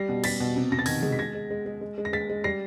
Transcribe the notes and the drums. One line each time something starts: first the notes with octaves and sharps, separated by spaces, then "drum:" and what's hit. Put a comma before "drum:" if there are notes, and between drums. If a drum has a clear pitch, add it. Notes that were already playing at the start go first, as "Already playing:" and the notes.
Already playing: G3 A#6 C7
B2
G3 A6 B6, drum: cymbal
B2
C3
C3 A#6
A6
D#3 G#6 A#6, drum: open hi-hat
G#3, drum: tom
B6
G#3 G#6 A#6
G#3
G#3
G#3
G#3
G#3
A#6
G#3 A6 B6
G#3
G3 A#6 C7